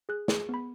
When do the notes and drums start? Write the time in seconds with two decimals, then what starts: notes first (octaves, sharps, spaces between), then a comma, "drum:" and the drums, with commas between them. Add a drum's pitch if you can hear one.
0.09 G#4 F#6
0.28 G#4, drum: snare
0.49 B3 B5